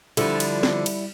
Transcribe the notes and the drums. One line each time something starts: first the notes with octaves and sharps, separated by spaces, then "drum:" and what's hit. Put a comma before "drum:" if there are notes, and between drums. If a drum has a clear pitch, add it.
D3 F3 G3 E4, drum: cymbal
drum: cymbal
drum: snare
drum: cymbal